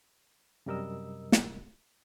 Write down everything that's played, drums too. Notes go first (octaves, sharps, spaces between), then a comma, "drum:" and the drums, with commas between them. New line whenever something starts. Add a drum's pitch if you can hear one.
F#2 C3 G3 A#4 D#5 E6
drum: snare